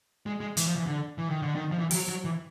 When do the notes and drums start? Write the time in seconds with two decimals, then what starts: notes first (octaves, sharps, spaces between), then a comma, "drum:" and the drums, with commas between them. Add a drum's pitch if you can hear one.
0.26 G#3
0.40 G#3
0.57 E3, drum: hi-hat
0.66 F3
0.76 E3
0.87 D3
1.18 E3
1.30 D#3
1.42 D3
1.55 D#3
1.71 F3
1.79 E3
1.91 G3, drum: open hi-hat
1.94 F#3
2.09 F#3
2.24 E3